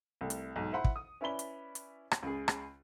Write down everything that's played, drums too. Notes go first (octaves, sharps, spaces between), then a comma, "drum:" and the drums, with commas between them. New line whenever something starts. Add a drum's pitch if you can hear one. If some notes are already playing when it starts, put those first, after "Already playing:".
C2 A3
drum: hi-hat
B1 G#2
E4 C5 F#5 B5
drum: kick
D#6
C#4 E4 B4 D5 B5 G7
drum: hi-hat
drum: hi-hat
drum: rim click
C#2 C#3 G#4
drum: rim click